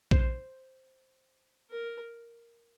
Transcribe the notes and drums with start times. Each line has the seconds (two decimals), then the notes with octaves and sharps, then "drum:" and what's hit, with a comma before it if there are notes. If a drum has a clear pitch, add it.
0.11 C5, drum: kick A#1
1.71 A#4